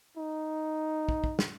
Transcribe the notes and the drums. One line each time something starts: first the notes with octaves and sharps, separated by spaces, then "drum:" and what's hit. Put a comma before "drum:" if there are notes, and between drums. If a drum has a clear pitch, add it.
D#4
drum: kick
drum: kick
drum: snare